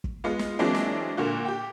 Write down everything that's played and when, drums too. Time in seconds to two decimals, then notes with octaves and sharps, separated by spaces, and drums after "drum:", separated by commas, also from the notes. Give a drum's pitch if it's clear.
0.04 drum: kick
0.24 G#3 B3 F4
0.39 drum: snare
0.59 E3 F#3 G#3 A#3 C4 D4
0.74 drum: snare
1.17 A#2 D3 A#3 F#4
1.45 G4 G5